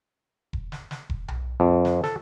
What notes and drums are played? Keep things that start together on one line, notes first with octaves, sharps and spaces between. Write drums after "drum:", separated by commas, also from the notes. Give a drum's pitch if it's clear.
drum: kick E1
drum: snare
drum: snare
drum: kick E1
drum: tom B1
F2
drum: snare
A4, drum: snare